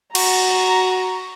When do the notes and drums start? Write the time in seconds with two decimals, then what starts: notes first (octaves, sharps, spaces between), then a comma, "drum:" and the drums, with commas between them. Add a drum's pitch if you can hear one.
0.15 F#4 A#5, drum: cymbal